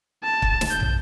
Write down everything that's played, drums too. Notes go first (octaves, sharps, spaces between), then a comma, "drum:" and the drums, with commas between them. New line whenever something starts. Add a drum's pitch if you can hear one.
A5
drum: kick
drum: snare
G6
drum: tom